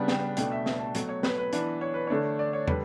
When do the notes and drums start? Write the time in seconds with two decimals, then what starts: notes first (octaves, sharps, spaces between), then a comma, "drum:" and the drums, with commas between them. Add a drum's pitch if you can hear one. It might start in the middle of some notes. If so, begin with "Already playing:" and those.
Already playing: C#3 G3 B3 D4
0.08 G5, drum: snare
0.37 B2 A3 D4 G5, drum: hi-hat
0.52 E5
0.66 E5, drum: snare
0.80 A5
0.95 B2 F#3 A3, drum: hi-hat
1.09 C#5
1.23 B4, drum: snare
1.38 B4
1.53 E3 B3 D4, drum: hi-hat
1.81 C#5
1.94 B4
2.07 D3 A3 D4 C#5
2.39 D5
2.53 C#5
2.68 D3 G3 B4, drum: tom